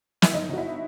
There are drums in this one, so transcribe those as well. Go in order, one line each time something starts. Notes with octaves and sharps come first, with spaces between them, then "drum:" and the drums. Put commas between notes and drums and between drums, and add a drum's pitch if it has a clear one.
E4, drum: snare
G1 D#4
G1 F#4
E4